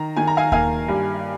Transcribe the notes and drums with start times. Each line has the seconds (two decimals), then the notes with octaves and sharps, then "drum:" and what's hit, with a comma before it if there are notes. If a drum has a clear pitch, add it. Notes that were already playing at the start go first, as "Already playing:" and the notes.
Already playing: D#3 A#5
0.16 D#3 G#5
0.27 A#5
0.37 F5 G#5
0.52 A#3 F5 G#5, drum: kick D#2
0.88 G2